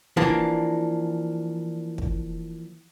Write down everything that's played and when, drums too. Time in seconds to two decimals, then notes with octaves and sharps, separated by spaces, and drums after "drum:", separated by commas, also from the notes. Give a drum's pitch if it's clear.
0.17 E3 F3 A#3 D4, drum: snare
1.98 drum: kick